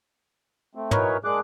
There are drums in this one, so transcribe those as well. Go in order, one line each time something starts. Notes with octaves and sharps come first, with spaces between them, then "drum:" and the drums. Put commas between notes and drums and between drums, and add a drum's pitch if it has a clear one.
A3 C4
E3 F#3 D#4 A#4 B4 C#5, drum: tom
G#3 A#3 D4 G#4 D6 F#6